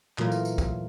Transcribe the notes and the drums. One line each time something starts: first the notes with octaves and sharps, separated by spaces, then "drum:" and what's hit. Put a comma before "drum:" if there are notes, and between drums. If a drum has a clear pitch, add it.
A#2 E3 F#3 A3 F4 A#4, drum: clap
drum: tambourine
drum: tambourine
drum: kick, tambourine